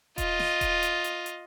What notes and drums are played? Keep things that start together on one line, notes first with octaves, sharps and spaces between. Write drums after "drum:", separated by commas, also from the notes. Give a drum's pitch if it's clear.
F4 D#5, drum: kick D#1, hi-hat
drum: snare
drum: kick D#1, hi-hat
drum: hi-hat
drum: hi-hat
drum: hi-hat